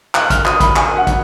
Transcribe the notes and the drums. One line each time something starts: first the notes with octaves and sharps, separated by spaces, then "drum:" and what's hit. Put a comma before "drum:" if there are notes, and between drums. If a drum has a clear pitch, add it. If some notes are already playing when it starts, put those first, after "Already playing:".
F#6, drum: clap
F6, drum: kick, hi-hat
D#6, drum: clap
B5, drum: kick, hi-hat
G#5, drum: clap
F#5
drum: kick, hi-hat